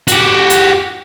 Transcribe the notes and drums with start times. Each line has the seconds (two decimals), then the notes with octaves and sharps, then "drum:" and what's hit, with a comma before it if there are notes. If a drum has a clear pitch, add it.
0.08 F#4 G4, drum: hi-hat
0.50 drum: hi-hat